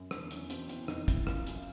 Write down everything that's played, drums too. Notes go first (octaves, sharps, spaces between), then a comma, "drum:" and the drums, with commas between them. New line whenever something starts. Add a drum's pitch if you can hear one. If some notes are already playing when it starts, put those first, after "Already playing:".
Already playing: F#2
E2 D4, drum: rim click
E2 C#4, drum: hi-hat
B2 C4, drum: hi-hat
E3 C4, drum: hi-hat
F2 D#4, drum: rim click
F2 E4, drum: kick, hi-hat
F#2 F4, drum: rim click
F#2, drum: hi-hat
F4